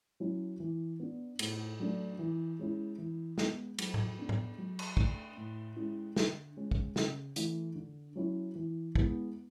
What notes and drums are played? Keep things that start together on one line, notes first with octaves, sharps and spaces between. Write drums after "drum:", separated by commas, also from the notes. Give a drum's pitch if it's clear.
F#3 C#4 E4
E3
B3 D4
A2, drum: cymbal
F#3 A3 D4
E3
G#3 C#4 E4
E3
G#3 B3, drum: snare
F#3, drum: cymbal
drum: tom A2
B3 D4
drum: tom A2
F#3
drum: cymbal
A3 D4, drum: kick
A2
G#3 C#4 E4
D3, drum: snare
G#3 C#4
drum: kick
C#3, drum: snare
E3 A3 E4, drum: hi-hat
D3
F#3 C#4 E4
E3
G#3 B3 E4, drum: kick